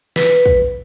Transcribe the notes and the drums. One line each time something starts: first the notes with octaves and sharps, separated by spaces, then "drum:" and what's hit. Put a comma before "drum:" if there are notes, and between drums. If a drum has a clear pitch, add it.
B4, drum: snare
drum: kick